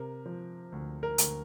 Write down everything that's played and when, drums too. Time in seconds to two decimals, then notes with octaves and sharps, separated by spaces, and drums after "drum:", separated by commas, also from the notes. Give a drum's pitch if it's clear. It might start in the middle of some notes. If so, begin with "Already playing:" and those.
Already playing: C3 A#4
0.26 F3
0.72 D2
1.03 A#4
1.18 D2, drum: hi-hat